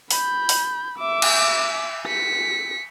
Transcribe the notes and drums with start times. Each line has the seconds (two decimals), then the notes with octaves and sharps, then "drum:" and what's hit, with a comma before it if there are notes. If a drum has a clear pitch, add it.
0.11 B5 G6, drum: open hi-hat
0.49 drum: open hi-hat
0.98 E5 D6
1.22 drum: cymbal
2.08 B6 C#7